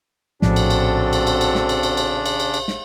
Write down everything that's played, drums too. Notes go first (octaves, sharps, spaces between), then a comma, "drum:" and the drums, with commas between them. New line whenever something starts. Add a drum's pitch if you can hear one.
A#1 A2 C#3 F3 C4 D4 F#4 A4, drum: snare
drum: cymbal
drum: cymbal
drum: cymbal
drum: cymbal
drum: cymbal
drum: snare
drum: cymbal
drum: cymbal
drum: cymbal
drum: cymbal
drum: cymbal
drum: cymbal
drum: snare